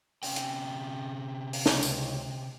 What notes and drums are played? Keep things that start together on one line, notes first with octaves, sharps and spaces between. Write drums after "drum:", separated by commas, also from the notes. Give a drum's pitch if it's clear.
C3 C#4 G5, drum: open hi-hat
drum: hi-hat
drum: open hi-hat
C#2, drum: snare
drum: tambourine